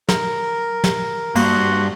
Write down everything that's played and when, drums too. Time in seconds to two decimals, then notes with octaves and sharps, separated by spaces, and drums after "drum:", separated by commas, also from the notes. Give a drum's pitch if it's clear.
0.09 A#4, drum: snare
0.84 drum: snare
1.36 G2 A#3 F#4 C6, drum: cymbal